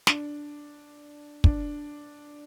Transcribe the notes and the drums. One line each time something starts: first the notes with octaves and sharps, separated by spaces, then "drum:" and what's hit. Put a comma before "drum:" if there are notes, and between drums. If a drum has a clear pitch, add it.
D4, drum: snare
D4, drum: kick